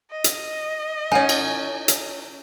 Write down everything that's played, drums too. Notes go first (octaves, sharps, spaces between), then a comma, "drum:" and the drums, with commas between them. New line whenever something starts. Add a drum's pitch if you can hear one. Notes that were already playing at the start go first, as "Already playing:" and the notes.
D#5
drum: hi-hat
C#4 D#4 C#5 F#5 G#5
drum: cymbal
drum: hi-hat